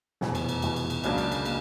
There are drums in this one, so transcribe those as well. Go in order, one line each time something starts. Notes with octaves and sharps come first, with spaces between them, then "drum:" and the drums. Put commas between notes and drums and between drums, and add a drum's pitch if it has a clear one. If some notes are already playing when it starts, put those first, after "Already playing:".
F1 E2 B2, drum: snare
drum: cymbal
drum: cymbal
F1 E2 B2, drum: cymbal
drum: cymbal
drum: cymbal
C#2 C#3 F#3 A#3 D4, drum: cymbal
drum: cymbal
drum: cymbal
A#3, drum: cymbal